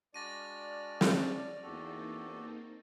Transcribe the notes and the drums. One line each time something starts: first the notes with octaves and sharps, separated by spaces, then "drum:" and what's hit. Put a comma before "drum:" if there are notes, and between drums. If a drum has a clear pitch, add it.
G#3 D4 F#4 D5 F6 A6 A#6 D#7
drum: snare
E2 A#3 C4 D#4 F#4 G4 A4